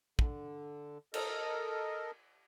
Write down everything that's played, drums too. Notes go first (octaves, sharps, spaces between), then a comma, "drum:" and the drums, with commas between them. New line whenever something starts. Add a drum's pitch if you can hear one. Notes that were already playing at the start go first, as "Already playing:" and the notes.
D3, drum: kick
A4 A#4 D#5, drum: cymbal